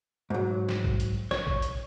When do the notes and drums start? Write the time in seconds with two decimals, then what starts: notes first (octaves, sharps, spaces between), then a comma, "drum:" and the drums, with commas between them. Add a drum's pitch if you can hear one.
0.30 G#2 F#3
0.69 drum: snare
0.84 drum: kick
1.00 drum: hi-hat
1.31 C#5, drum: snare
1.47 drum: kick
1.62 drum: hi-hat